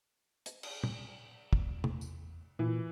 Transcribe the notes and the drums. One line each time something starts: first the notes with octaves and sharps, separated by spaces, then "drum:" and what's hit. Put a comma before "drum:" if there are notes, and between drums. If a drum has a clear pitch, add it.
drum: hi-hat
drum: cymbal
drum: tom A#2
E2, drum: kick
drum: tom C3
drum: tambourine
A#2 E3